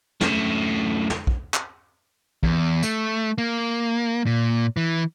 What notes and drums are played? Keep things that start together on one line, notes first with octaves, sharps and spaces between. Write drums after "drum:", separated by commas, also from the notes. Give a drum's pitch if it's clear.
F#2 A2, drum: snare
drum: snare
drum: kick
drum: clap
E2, drum: kick
A3, drum: tambourine
A#3
A#2
E3